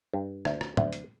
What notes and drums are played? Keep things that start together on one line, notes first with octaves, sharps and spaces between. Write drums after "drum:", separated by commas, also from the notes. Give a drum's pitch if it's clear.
G2
D2, drum: rim click
drum: rim click
D2, drum: tom
drum: hi-hat